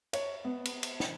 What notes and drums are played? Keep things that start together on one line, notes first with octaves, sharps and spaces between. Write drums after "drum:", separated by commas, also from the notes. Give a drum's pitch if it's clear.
C#5, drum: cymbal
B3
drum: cymbal
drum: cymbal
drum: snare